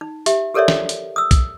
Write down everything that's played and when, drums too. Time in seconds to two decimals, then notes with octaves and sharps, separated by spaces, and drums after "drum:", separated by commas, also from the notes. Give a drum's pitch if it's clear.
0.01 D#4
0.26 G4 E5, drum: hi-hat
0.54 G4 A4 A#4 C#5 D5 E5
0.68 drum: snare
0.89 drum: hi-hat
1.16 D#6 E6
1.31 drum: kick, hi-hat